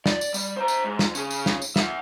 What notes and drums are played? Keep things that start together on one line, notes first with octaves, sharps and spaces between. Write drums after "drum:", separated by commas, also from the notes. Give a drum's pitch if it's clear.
D5, drum: snare
drum: tambourine
G3, drum: tambourine
C5 A#5
drum: tambourine
G#2
drum: snare
C#3 G#4, drum: tambourine
drum: tambourine
drum: snare
drum: tambourine
E5 F#5, drum: snare